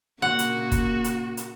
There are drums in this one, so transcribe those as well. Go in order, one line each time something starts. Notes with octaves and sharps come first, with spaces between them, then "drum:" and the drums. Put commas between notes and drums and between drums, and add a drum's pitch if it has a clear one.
A#2 C#3 A#3 F#4 F#5
drum: hi-hat
drum: kick, hi-hat
drum: hi-hat
drum: hi-hat